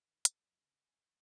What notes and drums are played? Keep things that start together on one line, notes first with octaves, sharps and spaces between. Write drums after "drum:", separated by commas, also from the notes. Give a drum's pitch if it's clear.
D#3
A4, drum: hi-hat
F#2
C#3
A#6
G#5
C#6